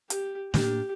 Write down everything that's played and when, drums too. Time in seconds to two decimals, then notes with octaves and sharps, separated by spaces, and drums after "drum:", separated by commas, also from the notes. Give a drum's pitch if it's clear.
0.10 G4, drum: hi-hat
0.54 A2 A#3 D4 G4, drum: snare